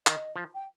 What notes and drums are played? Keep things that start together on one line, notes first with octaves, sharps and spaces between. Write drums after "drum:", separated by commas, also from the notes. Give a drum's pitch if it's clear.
D#3 D#5, drum: clap
F3
G5